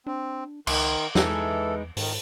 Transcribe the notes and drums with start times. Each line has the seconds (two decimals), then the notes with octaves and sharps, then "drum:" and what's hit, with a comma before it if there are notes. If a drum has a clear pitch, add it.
0.07 C4 D4
0.67 C#2 D#3 C6, drum: cymbal
1.15 E2 E3 G#3 D#4 A4, drum: snare
1.97 G#2 D#3, drum: open hi-hat